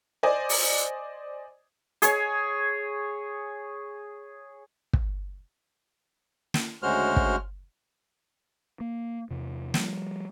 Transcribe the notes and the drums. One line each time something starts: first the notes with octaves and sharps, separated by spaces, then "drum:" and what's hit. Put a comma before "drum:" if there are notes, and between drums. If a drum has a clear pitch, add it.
C5 D5 D#5 G#5
drum: open hi-hat
G#4 C#5, drum: hi-hat
drum: kick
drum: snare
D2 C#3 G#3 F#4 C5 F6
drum: kick
A#3
E2 C3
F3 G3, drum: snare